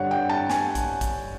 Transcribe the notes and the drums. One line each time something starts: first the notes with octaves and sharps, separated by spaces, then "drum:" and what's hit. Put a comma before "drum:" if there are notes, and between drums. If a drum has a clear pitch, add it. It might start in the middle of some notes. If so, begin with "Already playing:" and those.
Already playing: G2 D3 G3 C#5 F#5
G5
A5
G#5, drum: snare
drum: kick, hi-hat
drum: kick, hi-hat